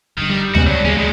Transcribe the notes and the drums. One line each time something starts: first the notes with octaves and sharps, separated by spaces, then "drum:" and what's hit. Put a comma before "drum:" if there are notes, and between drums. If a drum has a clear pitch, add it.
G1 G2 D#3
G3
C#2 G#3 B3 C#4 F#4, drum: tom D2
A2 F#3 C#5 D5
D#2 G#3 A#3 C#4
B2 D#3 G#3